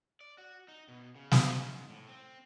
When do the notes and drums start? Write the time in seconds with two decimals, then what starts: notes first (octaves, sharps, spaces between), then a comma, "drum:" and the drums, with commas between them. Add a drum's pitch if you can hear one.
0.21 D5
0.38 F#4
0.68 D#4
0.88 B2
1.15 C#3
1.31 G2, drum: snare
1.56 C#3
1.71 G#2
1.90 A2
2.08 C4